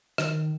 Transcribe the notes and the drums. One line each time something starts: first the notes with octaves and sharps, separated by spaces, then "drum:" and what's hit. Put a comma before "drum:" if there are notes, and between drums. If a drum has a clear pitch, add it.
D#3, drum: rim click